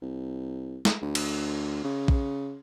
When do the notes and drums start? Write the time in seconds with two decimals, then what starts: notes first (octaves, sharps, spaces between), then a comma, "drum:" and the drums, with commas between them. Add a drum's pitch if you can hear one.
0.02 C2
0.85 drum: snare
1.02 D2
1.15 drum: cymbal
1.84 C#3
2.08 drum: kick